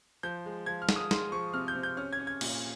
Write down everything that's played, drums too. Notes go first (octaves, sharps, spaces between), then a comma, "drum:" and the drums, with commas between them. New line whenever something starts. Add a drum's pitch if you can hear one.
F3 G6
G#3
F3 G#6
F6
G#3, drum: snare
D#6
G#3 C6, drum: snare
F3 C#6
C3 F6
G6
C3
G6
C#4 F6
G#6
C#4
G#6
A#2, drum: cymbal